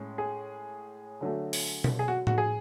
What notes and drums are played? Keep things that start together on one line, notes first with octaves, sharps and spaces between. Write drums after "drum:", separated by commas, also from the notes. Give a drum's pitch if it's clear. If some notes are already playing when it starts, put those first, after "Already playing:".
Already playing: A2 G#3 C#4
G#4
D3 F#3 A3
drum: open hi-hat
drum: tom B2
G#4
F#4
F#4, drum: tom A2
G#4